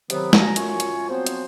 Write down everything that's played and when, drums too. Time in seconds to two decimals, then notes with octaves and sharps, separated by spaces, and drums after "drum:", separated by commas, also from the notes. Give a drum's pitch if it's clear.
0.10 C3 D#3 F#3 B3, drum: hi-hat
0.33 B2 G#5 A#5, drum: snare
0.56 F#2 F4 G#5 C#6, drum: hi-hat
0.80 drum: hi-hat
1.10 F3 F#3 B3 C4 C5
1.27 drum: hi-hat